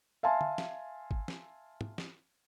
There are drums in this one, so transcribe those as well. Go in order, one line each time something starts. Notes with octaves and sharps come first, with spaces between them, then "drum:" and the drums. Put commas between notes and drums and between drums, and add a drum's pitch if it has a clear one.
E5 F5 G#5 A5 C6
drum: tom
drum: snare
drum: kick G#1
drum: snare
drum: tom
drum: snare